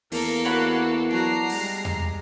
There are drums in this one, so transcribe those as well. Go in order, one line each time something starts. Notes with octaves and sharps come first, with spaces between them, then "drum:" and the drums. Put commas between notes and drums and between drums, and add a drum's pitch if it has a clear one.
E2 A#3 A4 A#4, drum: open hi-hat
F#4 C#5 F#5 B5
F#3 D4 F#4 A#5 C7
G3 G#3, drum: open hi-hat
drum: tom E2